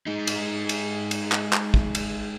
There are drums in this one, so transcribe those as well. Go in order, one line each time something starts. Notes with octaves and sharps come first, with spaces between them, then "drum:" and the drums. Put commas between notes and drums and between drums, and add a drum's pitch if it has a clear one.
G#3 D#4
drum: cymbal
drum: cymbal
drum: cymbal
drum: clap
drum: clap
drum: kick
drum: cymbal